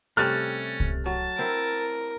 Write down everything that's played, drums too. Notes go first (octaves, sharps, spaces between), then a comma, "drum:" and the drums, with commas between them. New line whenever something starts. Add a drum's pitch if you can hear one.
C3 G3 A3 C#4 F6 F#6 A6
drum: kick C2
F#3 A5
C4 E4 A#4